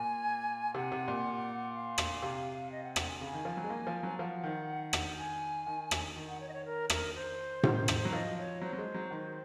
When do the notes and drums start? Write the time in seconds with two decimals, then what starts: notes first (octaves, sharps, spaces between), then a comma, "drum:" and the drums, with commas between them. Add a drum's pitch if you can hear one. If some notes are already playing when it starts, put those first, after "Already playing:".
Already playing: A#2 G#5
0.74 C3 F#5
0.92 C3
1.08 A#2
1.73 F5
1.98 drum: rim click
2.22 C3
2.71 D#5
2.83 F#5
2.96 F#5, drum: rim click
3.08 G#5
3.21 C#3
3.26 G#5
3.33 D#3
3.45 F3
3.57 F#3
3.64 G#3
3.70 A#3
3.87 F3
4.03 F#3
4.19 F3 F#5
4.43 D#3
4.93 drum: rim click
5.17 G#5
5.66 D#3
5.91 drum: rim click
6.16 D#3
6.28 F#5
6.40 C#5
6.49 D#5
6.53 C#5
6.65 A#4
6.90 A#4, drum: rim click
7.14 C5
7.63 D#3, drum: tom A2
7.88 drum: rim click
8.05 F#3
8.12 F3 D#5
8.38 C#5
8.62 F#3 C5
8.73 F#3
8.78 G#3
8.94 F#3
9.11 D#3